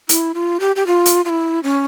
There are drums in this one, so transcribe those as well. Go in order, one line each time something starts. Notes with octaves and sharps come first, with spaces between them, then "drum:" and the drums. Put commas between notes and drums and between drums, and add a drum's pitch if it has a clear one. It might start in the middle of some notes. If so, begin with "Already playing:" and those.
E4, drum: hi-hat
F4
G4
G4
F4
drum: hi-hat
F4
E4
C#4